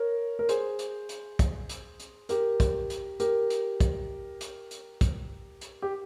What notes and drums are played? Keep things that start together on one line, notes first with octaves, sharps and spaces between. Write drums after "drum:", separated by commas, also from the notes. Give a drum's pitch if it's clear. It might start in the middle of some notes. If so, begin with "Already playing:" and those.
Already playing: A#4 C#5
A#4
G#4 C5, drum: hi-hat
drum: hi-hat
drum: hi-hat
drum: kick, hi-hat
drum: hi-hat
drum: hi-hat
G4 A#4, drum: hi-hat
drum: kick, hi-hat
drum: hi-hat
G4 A#4, drum: hi-hat
drum: hi-hat
drum: kick, hi-hat
drum: hi-hat
drum: hi-hat
drum: kick, hi-hat
drum: hi-hat
G4